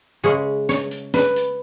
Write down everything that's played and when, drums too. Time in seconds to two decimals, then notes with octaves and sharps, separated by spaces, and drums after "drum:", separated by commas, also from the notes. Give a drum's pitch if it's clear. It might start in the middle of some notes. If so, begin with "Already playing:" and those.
0.23 C#3 G#3 C#4 G#4
0.69 C#5, drum: snare
0.91 drum: hi-hat
1.14 B4, drum: snare
1.36 drum: hi-hat